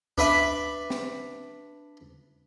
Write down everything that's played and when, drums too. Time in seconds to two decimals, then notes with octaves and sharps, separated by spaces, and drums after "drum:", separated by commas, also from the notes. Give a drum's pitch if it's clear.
0.18 D4 B4 E5 B5, drum: kick C#2
0.90 drum: snare